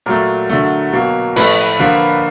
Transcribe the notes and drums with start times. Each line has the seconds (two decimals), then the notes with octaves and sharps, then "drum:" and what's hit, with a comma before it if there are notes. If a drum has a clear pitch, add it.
0.06 A#2 F#3 A3 A#4
0.50 D3 F#3 A3
0.93 B2 F#3 A#3
1.36 A2 F3 A3 B4, drum: cymbal
1.79 D3 F3 A#3